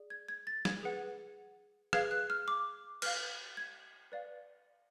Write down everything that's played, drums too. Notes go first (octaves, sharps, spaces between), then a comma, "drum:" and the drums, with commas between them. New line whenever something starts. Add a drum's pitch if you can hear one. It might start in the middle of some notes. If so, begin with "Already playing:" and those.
Already playing: G#4 D5
G#6
G#6
A6
G#6, drum: snare
G#4 B4 F#5
G#4 B4 F5 G#6, drum: rim click
F#6
F6
D6
B4 F5 F6, drum: cymbal
G#6
B4 D5 F5